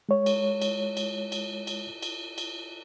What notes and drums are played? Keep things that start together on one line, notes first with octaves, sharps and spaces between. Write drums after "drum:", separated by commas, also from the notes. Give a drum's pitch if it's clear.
G#3 C#5
drum: cymbal
drum: cymbal
drum: cymbal
drum: cymbal
drum: cymbal
drum: cymbal
drum: cymbal